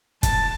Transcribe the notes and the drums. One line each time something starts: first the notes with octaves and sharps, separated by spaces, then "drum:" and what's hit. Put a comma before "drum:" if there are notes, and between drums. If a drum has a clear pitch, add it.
A5, drum: kick, hi-hat